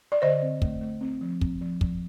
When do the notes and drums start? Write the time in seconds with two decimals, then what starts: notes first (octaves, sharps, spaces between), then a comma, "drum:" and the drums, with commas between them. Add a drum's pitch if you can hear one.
0.12 D5
0.22 D3 C5 D#5
0.42 C4
0.62 A3, drum: kick
0.81 A3
1.01 C4
1.21 F3
1.41 C4, drum: kick
1.61 F3
1.81 F3, drum: kick